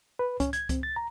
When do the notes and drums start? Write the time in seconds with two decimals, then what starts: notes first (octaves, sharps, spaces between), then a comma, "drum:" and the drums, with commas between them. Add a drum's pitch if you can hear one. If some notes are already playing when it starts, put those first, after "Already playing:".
0.19 B4
0.40 C#4, drum: kick C#2, hi-hat
0.53 G#6, drum: hi-hat
0.69 C4, drum: kick C#2, hi-hat
0.83 A6
0.96 A#5